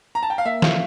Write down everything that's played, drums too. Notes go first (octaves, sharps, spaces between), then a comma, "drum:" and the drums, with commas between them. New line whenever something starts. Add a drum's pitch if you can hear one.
A#5
A5
G5
F5
A#3 E5
F3 F5, drum: snare